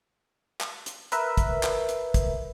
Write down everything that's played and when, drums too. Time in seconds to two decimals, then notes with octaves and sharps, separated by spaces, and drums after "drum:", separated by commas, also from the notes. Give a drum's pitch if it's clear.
0.61 drum: clap
0.86 drum: hi-hat
1.12 A#4 B4 E5, drum: hi-hat
1.37 drum: kick, hi-hat
1.63 drum: clap
1.89 drum: hi-hat
2.14 drum: kick, hi-hat